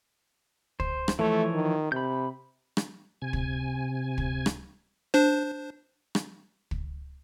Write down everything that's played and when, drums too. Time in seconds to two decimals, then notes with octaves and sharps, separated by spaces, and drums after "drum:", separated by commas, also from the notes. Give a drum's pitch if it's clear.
0.80 C5, drum: kick
1.08 drum: rim click
1.19 E3 F3 A3 C#5
1.54 D#3
1.92 C3 B5 G6
2.77 drum: rim click
3.22 C3 G#5
3.33 drum: kick
4.18 drum: kick
4.46 drum: rim click
5.14 D4 C5
6.15 drum: rim click
6.71 drum: kick